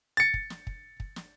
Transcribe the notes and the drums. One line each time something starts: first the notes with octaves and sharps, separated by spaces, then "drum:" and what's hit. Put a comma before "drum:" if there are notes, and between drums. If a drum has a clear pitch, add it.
A6 C#7
drum: kick
drum: snare
drum: kick
drum: kick
drum: snare